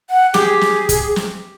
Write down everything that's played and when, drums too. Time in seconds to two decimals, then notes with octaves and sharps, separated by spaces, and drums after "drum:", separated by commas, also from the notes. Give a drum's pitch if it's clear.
0.10 F#5
0.34 G4 G#4, drum: snare
0.61 drum: snare
0.89 drum: kick, hi-hat
1.16 drum: snare